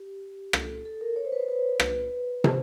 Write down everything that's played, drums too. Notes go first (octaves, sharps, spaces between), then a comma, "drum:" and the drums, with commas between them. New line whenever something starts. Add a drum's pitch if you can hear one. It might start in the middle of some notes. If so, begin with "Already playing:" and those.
Already playing: G4
A4, drum: rim click
A4
A#4
C#5
C5
B4
C5
B4
B4, drum: rim click
C5, drum: tom